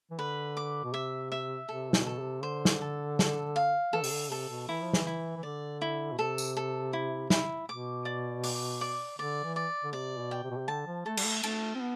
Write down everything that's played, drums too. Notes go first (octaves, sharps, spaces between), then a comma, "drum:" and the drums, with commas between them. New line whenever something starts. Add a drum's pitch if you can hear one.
E3
D3 B4
D6
B2
C3 E5
E5
C3 A4
B2, drum: snare
A4
C3
D3 C5
drum: snare
A4
A4, drum: snare
F5
E3 A4
C3, drum: open hi-hat
D3
C3 A4
B2
E3 E4
F3
E3, drum: snare
E4
E3
D3 D5
E4
B2
C3 A4
drum: tambourine
A4
E4
E4, drum: snare
B2 D6
D5
D6, drum: open hi-hat
D5
D3 D5
E3
D5
D3
C3 D5
B2
G5
C3
B2
C3
D3 A5
F3
A3 A4
G3, drum: cymbal
A3
A3 A5, drum: cymbal
C4
B3